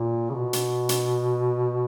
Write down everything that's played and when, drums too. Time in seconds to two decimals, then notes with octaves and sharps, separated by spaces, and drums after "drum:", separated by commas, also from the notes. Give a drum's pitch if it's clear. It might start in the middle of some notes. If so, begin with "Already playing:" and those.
Already playing: A#2
0.30 C#3
0.35 B2
0.53 drum: hi-hat
0.89 drum: hi-hat